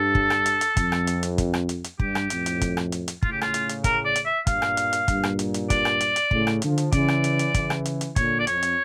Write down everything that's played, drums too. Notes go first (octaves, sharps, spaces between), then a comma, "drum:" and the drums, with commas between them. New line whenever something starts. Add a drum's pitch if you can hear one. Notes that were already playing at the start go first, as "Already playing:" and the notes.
Already playing: G2 A4
drum: kick
drum: rim click
drum: hi-hat
drum: hi-hat
F2, drum: kick, hi-hat
drum: rim click
drum: hi-hat
drum: hi-hat
drum: kick, hi-hat
drum: rim click
drum: hi-hat
drum: hi-hat
G2 G4, drum: kick
drum: rim click
F2 A2, drum: hi-hat
drum: hi-hat
drum: kick, hi-hat
drum: rim click
drum: hi-hat
drum: hi-hat
A2 C#3 F4, drum: kick
G4
F4, drum: rim click
drum: hi-hat
drum: hi-hat
A#4, drum: kick, hi-hat
D5
drum: hi-hat
E5
G2 A#2 F5, drum: kick, hi-hat
drum: rim click
drum: hi-hat
drum: hi-hat
G2 A#2, drum: kick, hi-hat
drum: rim click
drum: hi-hat
drum: hi-hat
D5, drum: kick, hi-hat
drum: rim click
drum: hi-hat
drum: hi-hat
A2 C#3, drum: kick
drum: rim click
D3 F3, drum: hi-hat
drum: hi-hat
C#3 E3 D5, drum: kick, hi-hat
drum: rim click
drum: hi-hat
drum: hi-hat
C#3 E3, drum: kick, hi-hat
drum: rim click
drum: hi-hat
drum: hi-hat
A#2 D3 C#5, drum: kick, hi-hat
D5
F2 C#5, drum: hi-hat
drum: hi-hat